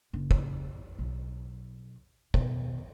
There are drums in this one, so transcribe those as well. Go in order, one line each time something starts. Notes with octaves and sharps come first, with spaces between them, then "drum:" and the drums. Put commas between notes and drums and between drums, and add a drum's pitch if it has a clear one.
F#1
drum: kick
B1
B2 D#3, drum: kick